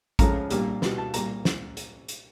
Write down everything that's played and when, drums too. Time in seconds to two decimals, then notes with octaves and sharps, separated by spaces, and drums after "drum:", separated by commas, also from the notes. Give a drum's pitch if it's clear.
0.19 C#2 C#3 F3 A3 C#4 A#5, drum: kick A1, hi-hat
0.50 C2 A#2 G3 A#3 D4, drum: hi-hat
0.82 B2 G3 B3, drum: snare
0.98 A5
1.14 C2 A#2 G3 A#5, drum: hi-hat
1.45 drum: snare
1.77 drum: hi-hat
2.08 drum: hi-hat